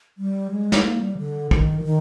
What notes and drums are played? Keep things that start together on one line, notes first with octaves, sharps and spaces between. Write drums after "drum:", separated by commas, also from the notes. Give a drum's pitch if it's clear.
G3
G#3
drum: snare
A#3
G3
D3
D#3, drum: kick
F3
D#3